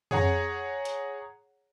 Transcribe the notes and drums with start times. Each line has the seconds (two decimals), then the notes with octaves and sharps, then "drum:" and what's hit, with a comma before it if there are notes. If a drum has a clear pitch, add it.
0.11 G#4 C#5 F#5 A#5, drum: tom F2
0.85 drum: hi-hat